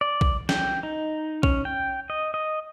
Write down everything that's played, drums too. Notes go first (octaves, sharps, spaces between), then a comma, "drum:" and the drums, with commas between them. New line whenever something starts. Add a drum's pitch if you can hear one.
D5
drum: kick
G5, drum: snare
D#4
C#4, drum: kick
G5
D#5
D#5